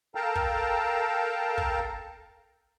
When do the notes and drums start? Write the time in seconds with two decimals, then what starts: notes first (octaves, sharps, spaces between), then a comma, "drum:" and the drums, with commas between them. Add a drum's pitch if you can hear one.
0.15 A4 A#4 F5 G5 A5 A#5
0.35 drum: kick
1.58 drum: kick